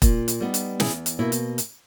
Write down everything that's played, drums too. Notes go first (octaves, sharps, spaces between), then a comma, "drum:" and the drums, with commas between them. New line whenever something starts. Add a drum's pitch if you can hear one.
A#2, drum: kick E1, hi-hat
drum: hi-hat
G3 B3 D#4
drum: hi-hat
E2 E4 G#4, drum: snare
drum: hi-hat
B2 A#3 E4
drum: hi-hat
drum: hi-hat